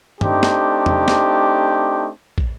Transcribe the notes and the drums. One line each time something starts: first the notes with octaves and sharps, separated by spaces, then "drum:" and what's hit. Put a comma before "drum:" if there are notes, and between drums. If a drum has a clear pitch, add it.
A3 C4 D4 D#4 G4, drum: tom G2
drum: snare
drum: tom
drum: snare
drum: kick